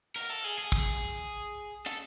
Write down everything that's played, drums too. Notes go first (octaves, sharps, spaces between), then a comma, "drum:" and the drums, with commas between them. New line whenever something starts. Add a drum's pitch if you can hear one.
A#4, drum: open hi-hat
A4
G#4
G#4
drum: kick
A4, drum: hi-hat